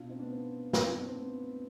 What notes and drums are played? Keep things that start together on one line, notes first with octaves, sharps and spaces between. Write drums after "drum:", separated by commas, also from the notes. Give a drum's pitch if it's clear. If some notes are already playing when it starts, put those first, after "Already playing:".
Already playing: B2 D4 F4
C4 D#4
B3 D4
C4
C4, drum: snare
C4 D#4
B3 D4
C4
B3